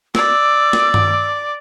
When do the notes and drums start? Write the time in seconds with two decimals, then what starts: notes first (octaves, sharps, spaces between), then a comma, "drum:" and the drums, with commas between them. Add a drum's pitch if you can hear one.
0.15 D5 E6, drum: snare
0.73 drum: snare
0.94 drum: tom G2